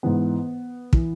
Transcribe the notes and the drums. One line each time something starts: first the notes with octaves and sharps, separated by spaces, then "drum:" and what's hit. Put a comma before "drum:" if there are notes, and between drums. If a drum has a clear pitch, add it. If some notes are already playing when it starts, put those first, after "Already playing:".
G#2 E3 B3
E3, drum: kick